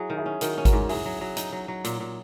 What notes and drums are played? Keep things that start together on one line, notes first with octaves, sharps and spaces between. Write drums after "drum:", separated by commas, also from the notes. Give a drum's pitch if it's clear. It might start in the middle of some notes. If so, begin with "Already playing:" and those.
Already playing: F#3 E4 G#4
D#3
E4 G#4
C#4
D#3 F#4 A#4, drum: hi-hat
C#4
F#4 A#4, drum: kick G#1, hi-hat
G#2
F#3 E4 G#4, drum: open hi-hat
F#3
F#3
D#4, drum: hi-hat
F#3
F#3
A#2, drum: hi-hat
A#2